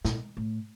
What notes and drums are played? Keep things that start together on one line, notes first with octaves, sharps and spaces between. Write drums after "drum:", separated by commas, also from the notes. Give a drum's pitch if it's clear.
A#2, drum: snare
A2